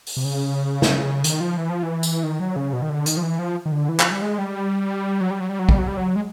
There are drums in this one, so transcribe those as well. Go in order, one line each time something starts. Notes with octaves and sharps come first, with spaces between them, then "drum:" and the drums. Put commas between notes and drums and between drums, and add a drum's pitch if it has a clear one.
drum: open hi-hat
C3
C#3
drum: snare
D#3, drum: hi-hat
F3
E3
F3
E3
drum: tambourine
D#3
F#3
C#3
B2
D#3
D3
D#3, drum: hi-hat
F3
E3
F3
D#3
D3
E3
F3, drum: clap
G3
G#3
G3
F#3
G3
F#3
G3
F#3
G3, drum: kick A#1
F#3
G3
F#3
G#3